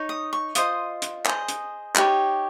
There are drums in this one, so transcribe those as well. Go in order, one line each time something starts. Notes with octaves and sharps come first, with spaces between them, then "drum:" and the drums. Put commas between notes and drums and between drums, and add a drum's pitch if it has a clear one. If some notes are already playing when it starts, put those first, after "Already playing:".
Already playing: D#4 C#5
D#6
C#6
F4 C5 D#5 D#6, drum: hi-hat
drum: hi-hat
G#4 C5 D#5, drum: clap
drum: hi-hat
D#4 G4 C#5, drum: clap